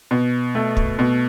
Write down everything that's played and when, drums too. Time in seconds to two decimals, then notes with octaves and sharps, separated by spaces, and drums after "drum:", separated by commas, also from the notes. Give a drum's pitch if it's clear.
0.11 B2
0.55 A3
0.77 drum: kick
0.99 B2